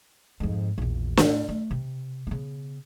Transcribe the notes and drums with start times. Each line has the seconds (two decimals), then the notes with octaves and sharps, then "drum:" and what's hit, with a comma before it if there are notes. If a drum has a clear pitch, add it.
0.40 F2 G#2
0.78 A#1 E2
1.17 A2, drum: snare
1.49 A3
1.71 C3
2.27 C#3 B3